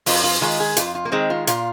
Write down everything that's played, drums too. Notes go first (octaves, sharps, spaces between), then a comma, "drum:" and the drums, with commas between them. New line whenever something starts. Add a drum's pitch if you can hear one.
F2 F4, drum: open hi-hat
F4
D#3 G#3 F4
G#4
F2 F4, drum: hi-hat
F4
A#3
D#3 G#3 C4
F4
A#2 F4, drum: hi-hat